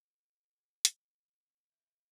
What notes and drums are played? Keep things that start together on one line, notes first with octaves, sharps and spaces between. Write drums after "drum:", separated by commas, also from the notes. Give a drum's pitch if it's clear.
A#3 F#4
G4 C5 G5
D#3 G3 D4, drum: hi-hat
D#2 A#2
D2 B3 C4 C#5
B4 E5 G6 G#6